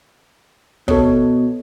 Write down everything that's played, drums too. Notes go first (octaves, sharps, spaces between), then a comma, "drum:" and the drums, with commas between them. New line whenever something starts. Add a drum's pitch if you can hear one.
B2 A4 C#5, drum: kick